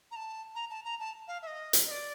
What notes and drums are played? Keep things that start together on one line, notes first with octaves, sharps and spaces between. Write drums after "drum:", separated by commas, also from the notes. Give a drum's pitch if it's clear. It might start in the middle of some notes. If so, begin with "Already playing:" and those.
A#5
A5
A#5
A5
A#5
A5
F5
E5
D#5
drum: hi-hat
D#5
D5